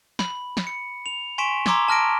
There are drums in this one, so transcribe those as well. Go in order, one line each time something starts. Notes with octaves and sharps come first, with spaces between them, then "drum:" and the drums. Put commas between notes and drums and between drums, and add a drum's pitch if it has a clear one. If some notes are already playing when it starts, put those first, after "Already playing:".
B5, drum: snare
drum: snare
C#7
F7
G#5 C6 C#6 B6 D7 E7
A#5 C6 D6 E6 G#6 G7, drum: snare
A5 F6 A#6 D7